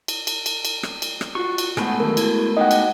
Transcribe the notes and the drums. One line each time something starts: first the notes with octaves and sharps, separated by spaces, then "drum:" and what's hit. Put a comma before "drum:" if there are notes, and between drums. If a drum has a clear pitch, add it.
drum: cymbal
drum: cymbal
drum: cymbal
drum: cymbal
drum: rim click
drum: cymbal
drum: rim click
F4 F#4 C#6
drum: cymbal
G#2 G#3 A3 B3 G#4 F#5, drum: rim click
D3 D#3 F#3 A#4
E4 F#4, drum: cymbal
D#4 F#4 D#5 F#5 G5
drum: cymbal